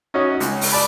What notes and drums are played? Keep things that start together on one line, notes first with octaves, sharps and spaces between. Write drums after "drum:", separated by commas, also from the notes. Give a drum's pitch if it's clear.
C#4 D#4 F#4 C#5 D#5
C#2, drum: hi-hat
drum: open hi-hat
D5 A5 B5